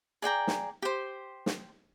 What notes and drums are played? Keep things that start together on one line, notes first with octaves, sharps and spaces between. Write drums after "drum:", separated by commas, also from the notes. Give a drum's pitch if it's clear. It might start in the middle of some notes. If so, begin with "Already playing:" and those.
G#4 D5 G5 A#5
drum: snare
G4 C5
drum: snare